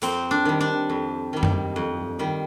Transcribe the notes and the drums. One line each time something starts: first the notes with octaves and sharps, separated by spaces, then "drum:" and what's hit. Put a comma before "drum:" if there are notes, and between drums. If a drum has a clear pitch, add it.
F2 C4, drum: hi-hat
D4
D#3 G3
D4
F2
D#3 G3
drum: tom F#2
F2
D#3 G3